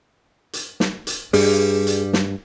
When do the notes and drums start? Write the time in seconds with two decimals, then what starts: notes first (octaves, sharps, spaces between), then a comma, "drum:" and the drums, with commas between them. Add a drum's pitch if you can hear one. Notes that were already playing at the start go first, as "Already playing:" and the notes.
0.53 drum: hi-hat
0.80 drum: snare
1.07 drum: hi-hat
1.33 G2 G3 G#4, drum: open hi-hat
1.87 drum: hi-hat
2.13 drum: snare